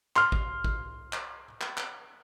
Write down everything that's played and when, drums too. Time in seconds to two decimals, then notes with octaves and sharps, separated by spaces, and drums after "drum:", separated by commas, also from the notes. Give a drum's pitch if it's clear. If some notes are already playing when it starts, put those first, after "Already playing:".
0.16 C6 F6, drum: clap
0.32 drum: kick
0.64 drum: kick
1.13 drum: clap
1.61 drum: clap
1.77 drum: clap